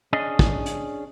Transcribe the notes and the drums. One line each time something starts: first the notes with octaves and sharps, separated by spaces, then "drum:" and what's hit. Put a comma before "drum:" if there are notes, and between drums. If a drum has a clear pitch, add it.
C#4 D4 G#4 D#5
drum: kick
drum: hi-hat